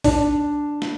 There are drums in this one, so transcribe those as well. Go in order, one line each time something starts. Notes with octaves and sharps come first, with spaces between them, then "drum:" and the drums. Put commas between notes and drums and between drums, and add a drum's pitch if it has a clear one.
D4, drum: kick A#1, open hi-hat
drum: snare